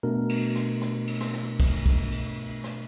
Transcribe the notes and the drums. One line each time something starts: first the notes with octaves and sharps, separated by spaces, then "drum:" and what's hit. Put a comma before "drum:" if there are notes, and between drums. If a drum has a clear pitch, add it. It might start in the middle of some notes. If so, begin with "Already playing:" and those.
B2 A3 D4 A#4
drum: cymbal
drum: rim click
drum: rim click
drum: cymbal
drum: rim click
drum: rim click
drum: kick, cymbal
drum: kick, cymbal
drum: cymbal
drum: rim click